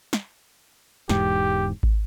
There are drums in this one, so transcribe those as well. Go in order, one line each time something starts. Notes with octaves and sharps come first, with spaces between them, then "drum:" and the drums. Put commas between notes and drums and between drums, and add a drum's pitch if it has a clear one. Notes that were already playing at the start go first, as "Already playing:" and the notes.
drum: snare
E1 E2 G#2 G4, drum: snare
drum: kick G#1